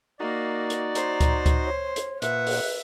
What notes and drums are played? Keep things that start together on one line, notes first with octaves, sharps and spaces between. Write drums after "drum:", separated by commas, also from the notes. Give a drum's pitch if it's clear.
A#3 D#4 F#4 D5
drum: hi-hat
C5 A#5, drum: hi-hat
drum: kick C#2, hi-hat
drum: kick C#2, hi-hat
C#5
drum: hi-hat
A#2 B4 E5 F#5, drum: hi-hat
drum: open hi-hat